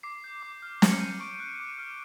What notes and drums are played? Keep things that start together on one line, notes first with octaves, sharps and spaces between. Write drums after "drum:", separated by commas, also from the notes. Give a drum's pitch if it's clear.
D6 C7
G6
D6
F6
D6 C#7, drum: snare
G6 D#7
C#6 D7
F#6
D6
F6